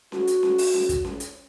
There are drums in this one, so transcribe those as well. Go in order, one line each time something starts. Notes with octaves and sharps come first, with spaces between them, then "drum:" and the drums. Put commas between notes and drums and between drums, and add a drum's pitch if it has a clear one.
F#4, drum: snare C#4
drum: hi-hat
drum: snare C#4
drum: open hi-hat
drum: snare C#4
drum: kick, hi-hat
drum: snare C#4
drum: hi-hat